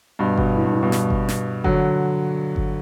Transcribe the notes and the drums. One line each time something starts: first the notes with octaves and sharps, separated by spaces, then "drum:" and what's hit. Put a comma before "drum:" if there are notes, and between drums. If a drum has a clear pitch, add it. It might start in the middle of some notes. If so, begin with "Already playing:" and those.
G2 B2
G2 B2, drum: kick G1
A2
G2
A2
G2 B2
drum: snare
drum: kick G1
drum: snare
D3 F#3, drum: kick G1
drum: kick G1